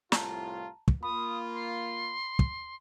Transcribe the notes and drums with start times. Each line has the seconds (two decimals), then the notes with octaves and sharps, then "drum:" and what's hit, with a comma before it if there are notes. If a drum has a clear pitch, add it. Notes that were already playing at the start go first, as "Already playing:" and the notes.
0.12 C2 A2 F4 A5 A#5, drum: snare
0.88 drum: kick
1.03 A#3 F4 B5 D#6
1.54 C6
2.39 drum: kick